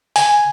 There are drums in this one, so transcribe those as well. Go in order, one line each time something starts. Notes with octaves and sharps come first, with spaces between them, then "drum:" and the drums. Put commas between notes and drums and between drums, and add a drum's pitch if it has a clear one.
G#5, drum: open hi-hat